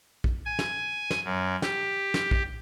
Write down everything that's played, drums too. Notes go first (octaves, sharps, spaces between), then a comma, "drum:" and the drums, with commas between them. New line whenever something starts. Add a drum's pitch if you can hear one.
drum: kick
G#5
drum: snare
drum: snare
F#2
G4, drum: snare
drum: snare
drum: kick